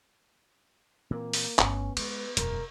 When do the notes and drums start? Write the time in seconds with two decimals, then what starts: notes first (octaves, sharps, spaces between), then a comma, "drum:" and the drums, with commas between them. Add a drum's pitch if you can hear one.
1.11 A#2 E3 A#3 C4
1.33 drum: open hi-hat
1.59 G1 A3 B3 C#4, drum: clap
1.97 G#3 B4, drum: cymbal
2.37 E1 F#2 A#4, drum: hi-hat